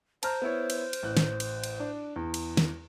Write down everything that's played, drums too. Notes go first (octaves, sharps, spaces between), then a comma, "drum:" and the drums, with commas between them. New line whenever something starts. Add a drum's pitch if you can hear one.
C5 A5 A#5 F6, drum: cymbal
B3 E4 C#5
drum: cymbal
drum: cymbal
A1 F#6
drum: snare
drum: cymbal
drum: cymbal
D4
E2
drum: cymbal
drum: snare